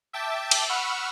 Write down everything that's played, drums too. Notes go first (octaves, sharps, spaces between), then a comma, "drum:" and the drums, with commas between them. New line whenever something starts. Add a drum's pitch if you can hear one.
E5 G5 A5 D6
drum: cymbal
F#5 B5 C#6 E6 F6